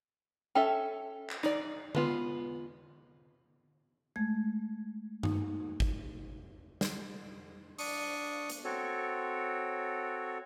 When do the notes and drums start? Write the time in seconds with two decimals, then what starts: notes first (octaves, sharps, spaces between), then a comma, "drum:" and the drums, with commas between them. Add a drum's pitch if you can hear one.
0.55 C#4 A4 E5 G5
1.30 drum: clap
1.43 D#4 D5, drum: rim click
1.95 G#3 B3 F4, drum: tom D3
4.16 G#3 A3 G#6
5.23 D#4, drum: tom G2
5.80 drum: kick G#1
6.81 drum: snare
7.79 D4 C#6 D#6, drum: open hi-hat
8.50 drum: hi-hat
8.65 C4 F#4 A4 C#5